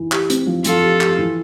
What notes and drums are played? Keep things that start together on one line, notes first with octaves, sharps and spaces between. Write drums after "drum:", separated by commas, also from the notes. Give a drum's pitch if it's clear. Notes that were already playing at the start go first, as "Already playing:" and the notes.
Already playing: E3
G4, drum: clap
C4, drum: hi-hat
F3
F3 F4 A4, drum: hi-hat
G4
G4, drum: clap
E3